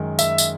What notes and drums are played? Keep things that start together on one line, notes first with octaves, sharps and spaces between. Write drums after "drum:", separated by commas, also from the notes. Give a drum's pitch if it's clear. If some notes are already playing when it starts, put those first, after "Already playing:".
Already playing: F#2 D#3 G#3
E5, drum: tambourine
drum: tambourine